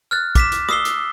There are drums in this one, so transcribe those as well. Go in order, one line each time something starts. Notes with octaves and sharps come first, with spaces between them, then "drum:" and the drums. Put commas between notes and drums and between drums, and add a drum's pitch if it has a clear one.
F6 F#6 A6
D6 B6 E7, drum: kick, hi-hat
drum: hi-hat
D#6 E6 C7 G7, drum: rim click
drum: hi-hat